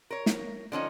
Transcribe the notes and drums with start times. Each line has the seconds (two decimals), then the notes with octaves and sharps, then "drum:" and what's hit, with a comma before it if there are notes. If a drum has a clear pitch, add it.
0.11 A#4 C#5
0.26 drum: snare
0.72 D3 F3 C#4 D#4